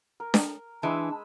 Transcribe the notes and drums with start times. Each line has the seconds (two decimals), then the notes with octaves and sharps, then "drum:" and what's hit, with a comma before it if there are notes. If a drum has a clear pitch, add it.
0.20 A#4
0.34 drum: snare D4
0.83 E3 G#3 D4 B5 E6